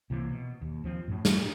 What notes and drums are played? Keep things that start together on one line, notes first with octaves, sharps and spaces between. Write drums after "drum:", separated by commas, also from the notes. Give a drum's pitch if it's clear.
C2 C3 E3 A#3
B2
D#2
D#2 F3 C4
F#2 A2
drum: snare